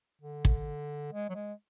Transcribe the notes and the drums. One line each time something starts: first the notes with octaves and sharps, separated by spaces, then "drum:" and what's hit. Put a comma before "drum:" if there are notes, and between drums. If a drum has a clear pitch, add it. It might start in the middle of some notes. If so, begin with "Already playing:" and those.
D3
drum: kick
G#3
F#3
G#3